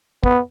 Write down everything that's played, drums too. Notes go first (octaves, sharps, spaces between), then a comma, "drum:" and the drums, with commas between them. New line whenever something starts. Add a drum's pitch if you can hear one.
B3, drum: kick